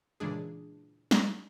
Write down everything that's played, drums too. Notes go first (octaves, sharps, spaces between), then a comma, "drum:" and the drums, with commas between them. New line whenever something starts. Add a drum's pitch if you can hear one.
A#2 C#3 E3 G#3 D4 G#4
drum: snare